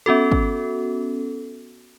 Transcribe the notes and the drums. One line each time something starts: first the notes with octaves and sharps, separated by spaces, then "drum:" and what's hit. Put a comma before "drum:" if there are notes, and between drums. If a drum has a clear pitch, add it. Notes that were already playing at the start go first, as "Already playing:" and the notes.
B3 C#4 F#4 A4
drum: kick